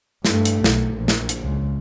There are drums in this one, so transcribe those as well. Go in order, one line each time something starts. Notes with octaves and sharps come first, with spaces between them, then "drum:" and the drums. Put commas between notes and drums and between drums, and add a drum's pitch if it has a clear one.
G2 A3, drum: snare
drum: hi-hat
B1, drum: snare
A#1
drum: snare
drum: hi-hat
C#2